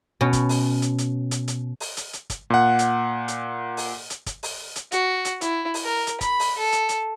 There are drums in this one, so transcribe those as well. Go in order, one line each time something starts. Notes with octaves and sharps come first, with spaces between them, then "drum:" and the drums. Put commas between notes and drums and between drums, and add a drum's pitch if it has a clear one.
B2 C#4
drum: kick, hi-hat
drum: open hi-hat
drum: hi-hat
drum: hi-hat
drum: hi-hat
drum: hi-hat
drum: open hi-hat
drum: hi-hat
drum: hi-hat
drum: kick, hi-hat
A#2 F#5
drum: hi-hat
drum: hi-hat
drum: open hi-hat
drum: hi-hat
drum: kick, hi-hat
drum: open hi-hat
drum: hi-hat
F#4, drum: hi-hat
drum: hi-hat
E4, drum: hi-hat
drum: open hi-hat
A#4
drum: hi-hat
B5, drum: kick, hi-hat
drum: open hi-hat
A4
drum: hi-hat
drum: hi-hat